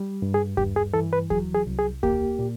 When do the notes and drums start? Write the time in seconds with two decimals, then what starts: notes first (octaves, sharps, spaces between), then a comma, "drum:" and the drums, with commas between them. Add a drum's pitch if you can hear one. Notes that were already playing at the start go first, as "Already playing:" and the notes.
Already playing: G3
0.22 G2
0.34 G#4
0.57 G2 G4, drum: kick D#2
0.76 G#4
0.93 E3 A4
1.13 B4
1.30 F#3 G#4, drum: kick D#2
1.54 G#4
1.67 C2
1.79 G#4
2.03 A#3 G4, drum: kick D#2
2.39 A#2